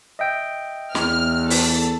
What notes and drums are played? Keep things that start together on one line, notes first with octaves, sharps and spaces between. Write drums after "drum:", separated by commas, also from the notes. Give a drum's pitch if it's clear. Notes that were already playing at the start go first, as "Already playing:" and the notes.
D#5 E5 G5
E2 F6, drum: snare
A4, drum: open hi-hat